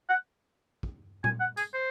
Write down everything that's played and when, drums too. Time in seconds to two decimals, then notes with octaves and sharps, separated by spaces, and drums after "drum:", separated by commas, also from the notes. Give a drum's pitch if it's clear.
0.09 F#5
0.83 drum: kick
1.24 G#5, drum: tom A#2
1.40 F#5
1.57 G#4, drum: tambourine
1.74 C5